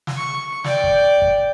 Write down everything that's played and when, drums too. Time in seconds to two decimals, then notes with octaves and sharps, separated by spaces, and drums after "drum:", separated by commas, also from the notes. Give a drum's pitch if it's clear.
0.07 drum: snare
0.17 C#6
0.64 D5 G5, drum: snare
0.84 drum: kick
1.22 drum: kick